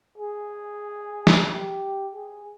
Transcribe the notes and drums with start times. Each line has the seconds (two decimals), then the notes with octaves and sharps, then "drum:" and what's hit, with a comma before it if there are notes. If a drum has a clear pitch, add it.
0.18 G#4
1.27 drum: snare
1.48 G4
2.14 G#4